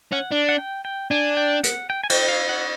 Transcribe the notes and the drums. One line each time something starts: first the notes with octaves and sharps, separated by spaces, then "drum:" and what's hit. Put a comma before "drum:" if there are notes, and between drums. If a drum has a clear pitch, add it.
C#4 F#5
D4
F#5
G5
G5
D4 G#5
G5
F#5, drum: hi-hat
G5
G#5
G5, drum: cymbal
F5
F#5